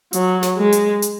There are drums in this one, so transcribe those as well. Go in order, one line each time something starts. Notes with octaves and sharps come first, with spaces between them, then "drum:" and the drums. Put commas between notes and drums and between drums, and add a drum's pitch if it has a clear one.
F#3, drum: hi-hat
drum: snare
G#3
drum: hi-hat
drum: hi-hat